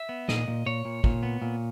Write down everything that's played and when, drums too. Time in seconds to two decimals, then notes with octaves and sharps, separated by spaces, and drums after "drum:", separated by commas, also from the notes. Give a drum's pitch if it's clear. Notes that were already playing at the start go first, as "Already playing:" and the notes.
Already playing: E5
0.09 B3
0.28 A#2 D#5, drum: snare
0.48 A#2
0.66 A#2 C#5
0.85 A#2
1.04 A#2, drum: kick
1.23 B3
1.42 A#2